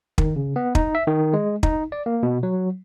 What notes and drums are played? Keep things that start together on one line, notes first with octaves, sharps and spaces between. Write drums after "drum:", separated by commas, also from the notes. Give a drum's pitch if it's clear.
D#3, drum: kick
C#3
B3
D#4, drum: kick
E5
D#3
G#3
D#4, drum: kick
D5
A#3
B2
F#3